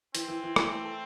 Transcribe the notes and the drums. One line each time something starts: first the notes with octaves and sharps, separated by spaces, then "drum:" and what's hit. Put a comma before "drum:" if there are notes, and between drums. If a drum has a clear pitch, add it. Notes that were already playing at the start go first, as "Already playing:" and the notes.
E3 C4, drum: hi-hat
E3
E3
E3, drum: rim click
A3
A4